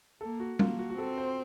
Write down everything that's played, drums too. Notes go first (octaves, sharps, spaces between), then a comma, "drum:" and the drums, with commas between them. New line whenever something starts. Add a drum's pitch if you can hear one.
A#3 A4
F#4
A#3 F4, drum: tom G3
F#4
F#4
C4 A4
C5